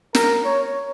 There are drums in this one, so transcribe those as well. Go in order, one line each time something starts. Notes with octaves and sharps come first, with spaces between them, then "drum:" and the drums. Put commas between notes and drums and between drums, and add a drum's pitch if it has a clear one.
A#4, drum: snare
C#5